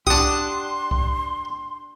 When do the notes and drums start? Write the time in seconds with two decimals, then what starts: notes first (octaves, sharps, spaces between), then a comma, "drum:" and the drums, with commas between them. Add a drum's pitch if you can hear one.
0.07 D4 G4 F#5 A5 C6 D#6, drum: kick C2
0.91 drum: kick C2